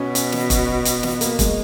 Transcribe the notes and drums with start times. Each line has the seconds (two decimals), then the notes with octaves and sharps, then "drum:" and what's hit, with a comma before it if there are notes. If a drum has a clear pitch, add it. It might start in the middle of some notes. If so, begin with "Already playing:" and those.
Already playing: B2 B3 C#4
0.15 C#4, drum: hi-hat
0.32 drum: snare
0.50 drum: kick E1, hi-hat
0.85 drum: hi-hat
1.03 drum: snare
1.21 A#3, drum: hi-hat
1.39 G#3, drum: kick E1, hi-hat